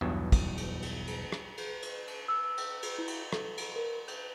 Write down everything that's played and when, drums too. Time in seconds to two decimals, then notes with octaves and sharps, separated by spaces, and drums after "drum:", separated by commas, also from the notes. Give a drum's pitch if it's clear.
0.01 B1 E2 G2 B2
0.32 drum: kick, cymbal
0.57 drum: cymbal
0.82 drum: cymbal
1.07 drum: cymbal
1.32 drum: rim click
1.57 drum: cymbal
1.82 drum: cymbal
2.07 drum: cymbal
2.28 E6
2.58 drum: cymbal
2.83 drum: cymbal
2.99 E4
3.08 drum: cymbal
3.33 A4, drum: rim click
3.58 drum: cymbal
3.76 A#4
4.08 G6, drum: cymbal